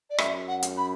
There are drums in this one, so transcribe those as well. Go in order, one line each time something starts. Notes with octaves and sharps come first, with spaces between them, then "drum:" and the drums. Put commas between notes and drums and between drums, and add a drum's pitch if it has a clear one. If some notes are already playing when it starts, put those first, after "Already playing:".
D5
F#2 E5, drum: rim click
F#5
drum: hi-hat
B5